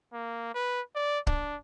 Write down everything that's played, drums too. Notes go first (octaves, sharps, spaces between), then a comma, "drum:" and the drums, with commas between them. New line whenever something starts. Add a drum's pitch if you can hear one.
A#3
B4
D5
D4, drum: kick C#1